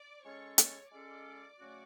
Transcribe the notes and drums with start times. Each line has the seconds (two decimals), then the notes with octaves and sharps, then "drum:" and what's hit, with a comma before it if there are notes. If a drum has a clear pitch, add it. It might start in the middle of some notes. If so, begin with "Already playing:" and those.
Already playing: D5 D6
0.24 G#3 C#4 F4 A4 C#5 C#6
0.58 C#5 C#6, drum: hi-hat
0.91 G#3 C#4 F4 A4 D5 D6
1.58 C#3 F#3 A3 C#4 F#4